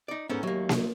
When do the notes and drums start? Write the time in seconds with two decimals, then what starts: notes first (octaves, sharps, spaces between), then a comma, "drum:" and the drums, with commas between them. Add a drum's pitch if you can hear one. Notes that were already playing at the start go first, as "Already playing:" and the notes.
0.08 D#4 D5
0.29 E2 G#2 B3 C#4 A4 A#4
0.43 D#2 F#3 A3 A#3
0.69 drum: snare A#3